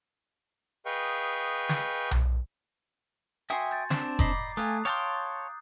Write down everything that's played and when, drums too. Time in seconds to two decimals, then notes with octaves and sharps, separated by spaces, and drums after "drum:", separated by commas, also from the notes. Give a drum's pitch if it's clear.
0.86 G#4 B4 D#5 F5 G5 C#6
1.69 drum: snare
2.11 drum: tom B1
3.50 F#4 E5 G5 G#5 C6 D#6
3.71 G6 A6
3.90 C4 D4, drum: snare
4.19 D5 D#5 A#5 B5 D6 C7, drum: kick F1
4.57 A3 F5 G5 G#5 D#6 F#6
4.85 C#5 F5 G5 A5 C6 D6 D#6 G6